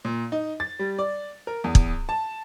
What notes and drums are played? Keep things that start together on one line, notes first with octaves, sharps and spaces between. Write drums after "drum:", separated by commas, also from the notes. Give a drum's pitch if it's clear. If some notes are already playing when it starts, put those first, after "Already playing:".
A#2
D#4
A6
G3
D5
A#4
E2
drum: kick
A5